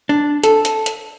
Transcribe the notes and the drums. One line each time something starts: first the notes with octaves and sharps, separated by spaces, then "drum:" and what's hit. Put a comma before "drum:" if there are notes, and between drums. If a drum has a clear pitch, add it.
D4
A4, drum: hi-hat
drum: hi-hat
drum: hi-hat